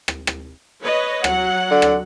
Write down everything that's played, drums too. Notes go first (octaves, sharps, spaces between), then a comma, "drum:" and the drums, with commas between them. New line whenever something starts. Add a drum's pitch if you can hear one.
drum: rim click
drum: rim click
B4 C#5 D#5
F#3 F#5, drum: rim click
D3
drum: rim click